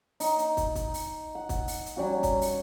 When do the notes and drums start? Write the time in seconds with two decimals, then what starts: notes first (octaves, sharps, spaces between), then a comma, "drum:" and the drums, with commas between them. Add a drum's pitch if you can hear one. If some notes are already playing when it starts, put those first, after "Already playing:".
0.20 D#4, drum: open hi-hat
0.39 drum: hi-hat
0.57 drum: kick, hi-hat
0.75 drum: kick, hi-hat
0.94 drum: open hi-hat
1.35 F#5
1.49 drum: kick, hi-hat
1.68 drum: open hi-hat
1.86 drum: hi-hat
1.97 F#3 G3 C#4 F#4
2.23 drum: kick, hi-hat
2.41 drum: open hi-hat